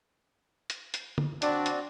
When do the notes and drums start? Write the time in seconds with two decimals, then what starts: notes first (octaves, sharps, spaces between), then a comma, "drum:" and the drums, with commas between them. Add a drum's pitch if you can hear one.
0.70 drum: hi-hat
0.94 drum: hi-hat
1.18 drum: tom
1.42 C4 D4 F#4 D5, drum: hi-hat
1.66 drum: hi-hat